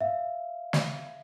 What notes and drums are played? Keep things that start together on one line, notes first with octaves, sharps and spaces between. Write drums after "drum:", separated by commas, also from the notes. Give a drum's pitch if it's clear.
E5 F5
drum: snare